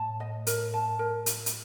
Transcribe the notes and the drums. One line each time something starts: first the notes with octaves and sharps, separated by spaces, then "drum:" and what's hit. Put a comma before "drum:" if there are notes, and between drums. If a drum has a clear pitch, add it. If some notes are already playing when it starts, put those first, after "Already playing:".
Already playing: A2 A5
D#5
A#4, drum: hi-hat
A5
A#4
drum: hi-hat
drum: hi-hat